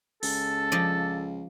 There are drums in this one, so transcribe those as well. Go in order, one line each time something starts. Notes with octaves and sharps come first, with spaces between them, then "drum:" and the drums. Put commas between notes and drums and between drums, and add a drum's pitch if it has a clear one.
C#2 A4, drum: open hi-hat
F3 D5 D#5